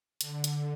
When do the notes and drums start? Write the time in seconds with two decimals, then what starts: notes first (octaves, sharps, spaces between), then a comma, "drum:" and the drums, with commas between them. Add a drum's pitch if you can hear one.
0.21 D3, drum: hi-hat
0.44 drum: hi-hat